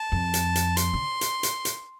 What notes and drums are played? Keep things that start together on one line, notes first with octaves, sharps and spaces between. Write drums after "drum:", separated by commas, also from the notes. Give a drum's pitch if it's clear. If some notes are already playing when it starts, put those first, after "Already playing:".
Already playing: A5
F2
drum: hi-hat
drum: hi-hat
C6, drum: hi-hat
D3
drum: hi-hat
drum: hi-hat
drum: hi-hat